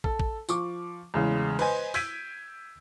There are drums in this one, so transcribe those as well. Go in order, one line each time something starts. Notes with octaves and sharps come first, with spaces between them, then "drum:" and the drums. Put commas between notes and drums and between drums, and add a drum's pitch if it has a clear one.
A4, drum: kick
drum: kick
F3 C#6 D6, drum: tambourine
E2 A2 C#3 G#3
B4 C5 D#5 G#5, drum: cymbal
E6 G6 G#6 B6 D7 D#7, drum: open hi-hat